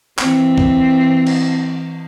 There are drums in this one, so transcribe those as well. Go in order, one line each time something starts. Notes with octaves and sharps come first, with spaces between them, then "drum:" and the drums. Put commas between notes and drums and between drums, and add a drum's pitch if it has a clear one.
E3 C4, drum: clap
drum: kick B1
drum: cymbal